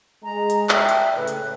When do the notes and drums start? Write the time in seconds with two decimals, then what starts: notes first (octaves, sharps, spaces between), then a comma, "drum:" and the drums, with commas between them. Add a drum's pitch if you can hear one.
0.24 G#3 A#5
0.50 drum: hi-hat
0.69 D5 E5 G5, drum: clap
0.89 drum: hi-hat
1.16 A2 C#3 B4
1.27 drum: hi-hat